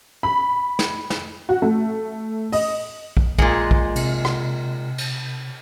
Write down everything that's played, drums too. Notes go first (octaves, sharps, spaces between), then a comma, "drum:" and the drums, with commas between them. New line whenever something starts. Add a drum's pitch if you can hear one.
B5
drum: snare
drum: snare
F#4
A3
D#5, drum: open hi-hat
drum: kick
A#2 G#3, drum: kick
drum: kick
C3, drum: cymbal
drum: rim click
drum: cymbal